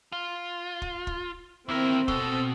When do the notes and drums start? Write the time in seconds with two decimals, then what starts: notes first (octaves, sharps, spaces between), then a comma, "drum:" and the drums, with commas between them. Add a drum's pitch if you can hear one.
0.12 F4
0.82 drum: kick
1.07 drum: kick
1.69 D#2 C4 E4 A#4
2.08 B2 A4, drum: kick